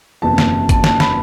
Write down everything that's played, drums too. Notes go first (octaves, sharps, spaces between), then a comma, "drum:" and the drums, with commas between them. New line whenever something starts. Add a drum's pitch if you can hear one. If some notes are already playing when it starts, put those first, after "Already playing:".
F#1 E2 C3 A5
drum: snare
A5, drum: kick G#1, hi-hat
A5, drum: snare
B5, drum: snare